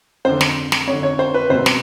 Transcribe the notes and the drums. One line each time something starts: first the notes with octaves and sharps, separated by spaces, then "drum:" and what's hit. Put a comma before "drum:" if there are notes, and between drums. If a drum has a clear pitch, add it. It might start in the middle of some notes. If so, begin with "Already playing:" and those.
F2 D3 C5
drum: snare
drum: snare
F2 D3 C#5
C#5
C5
B4
C2 B2 C5
drum: snare